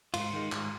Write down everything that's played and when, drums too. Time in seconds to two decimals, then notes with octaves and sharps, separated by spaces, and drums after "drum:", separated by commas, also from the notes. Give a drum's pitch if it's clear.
0.14 G#2 F4, drum: cymbal
0.33 D#3 G#3
0.52 G#2, drum: clap